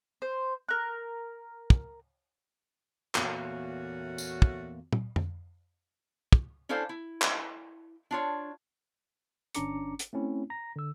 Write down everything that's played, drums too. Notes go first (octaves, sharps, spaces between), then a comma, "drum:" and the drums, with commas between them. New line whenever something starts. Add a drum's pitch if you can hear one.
C5
A#4 F#6
drum: kick
E2 A#2 A3 A#3 C#4 F#4, drum: clap
drum: tambourine
drum: kick
drum: tom A#2
drum: tom F2
drum: kick
C#4 D4 E4 A4 C5 F5
E4
drum: clap
D4 F4 C#5
G1 C#4 D4 A#5 D6 C#7, drum: hi-hat
drum: hi-hat
A3 C4 C#4 E4
A#5 A#6
D3 E6